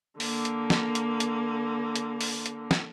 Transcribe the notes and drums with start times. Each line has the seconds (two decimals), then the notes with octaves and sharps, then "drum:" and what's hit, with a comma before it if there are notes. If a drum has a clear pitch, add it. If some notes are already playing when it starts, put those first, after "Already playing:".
0.20 D3 A#3, drum: open hi-hat
0.45 drum: hi-hat
0.70 drum: snare
0.95 drum: hi-hat
1.20 drum: hi-hat
1.96 drum: hi-hat
2.21 drum: open hi-hat
2.46 drum: hi-hat
2.71 drum: snare